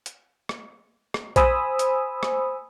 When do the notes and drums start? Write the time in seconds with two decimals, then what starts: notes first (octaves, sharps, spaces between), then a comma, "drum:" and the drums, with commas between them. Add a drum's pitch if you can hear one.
0.06 drum: hi-hat
0.49 drum: rim click
1.14 drum: rim click
1.36 C5 G#5 B5 D#6 E6, drum: kick A#1, hi-hat
1.79 drum: hi-hat
2.23 drum: rim click